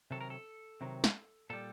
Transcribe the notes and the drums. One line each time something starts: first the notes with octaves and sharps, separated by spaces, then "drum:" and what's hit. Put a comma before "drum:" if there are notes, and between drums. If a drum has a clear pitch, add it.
C3 D#3 F#3 A4
A#4
A4
C3 D#3 F#3
drum: snare
A#2 G3 A4